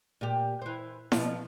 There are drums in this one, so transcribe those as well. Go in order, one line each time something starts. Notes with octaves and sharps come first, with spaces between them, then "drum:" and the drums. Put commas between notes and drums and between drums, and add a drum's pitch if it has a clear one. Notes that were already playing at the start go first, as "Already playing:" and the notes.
A#2 G4
E3 C5
B2 F3, drum: snare E4